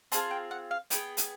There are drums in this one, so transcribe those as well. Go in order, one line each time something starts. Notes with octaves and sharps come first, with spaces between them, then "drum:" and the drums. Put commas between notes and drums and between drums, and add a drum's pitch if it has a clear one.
C4 F4 G#4 A5, drum: hi-hat
G5
F#5
F5
B3 E4 G#4 G5, drum: hi-hat
drum: hi-hat